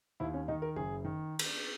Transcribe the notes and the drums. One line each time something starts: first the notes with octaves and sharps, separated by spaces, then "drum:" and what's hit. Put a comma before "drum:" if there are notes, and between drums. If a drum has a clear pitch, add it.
D#2 E4
C#4
D#3 D#4
A#4
F#1 G#4
D#3
drum: cymbal